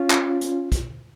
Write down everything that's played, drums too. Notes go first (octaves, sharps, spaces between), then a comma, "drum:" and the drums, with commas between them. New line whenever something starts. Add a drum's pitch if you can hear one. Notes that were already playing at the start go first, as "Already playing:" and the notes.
Already playing: C#4 F4
drum: clap
drum: hi-hat
drum: kick, hi-hat